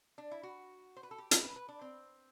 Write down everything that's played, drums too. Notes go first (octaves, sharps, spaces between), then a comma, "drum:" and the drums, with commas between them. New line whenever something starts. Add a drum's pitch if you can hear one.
D4
E4
F#4
C5
B4
A4
G4
B4, drum: hi-hat
B4
B4
D4
C4